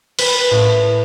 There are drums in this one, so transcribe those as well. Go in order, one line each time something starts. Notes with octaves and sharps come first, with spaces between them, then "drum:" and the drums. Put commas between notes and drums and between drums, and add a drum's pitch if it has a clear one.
B4, drum: cymbal
A2